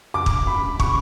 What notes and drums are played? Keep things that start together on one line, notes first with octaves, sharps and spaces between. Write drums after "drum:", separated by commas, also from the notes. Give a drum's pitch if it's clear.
D6
drum: kick
B5
C#6, drum: kick